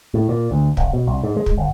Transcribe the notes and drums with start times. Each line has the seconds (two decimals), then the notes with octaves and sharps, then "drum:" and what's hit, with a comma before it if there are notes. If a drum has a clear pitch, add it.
0.14 A2
0.29 A#2
0.51 D2
0.77 F1, drum: kick
0.93 B2
1.07 C2
1.24 G#2
1.37 G#3
1.46 drum: kick
1.57 G1